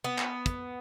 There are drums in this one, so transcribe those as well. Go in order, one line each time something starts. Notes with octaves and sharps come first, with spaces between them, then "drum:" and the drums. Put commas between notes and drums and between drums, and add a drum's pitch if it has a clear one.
B3
drum: clap
drum: kick, hi-hat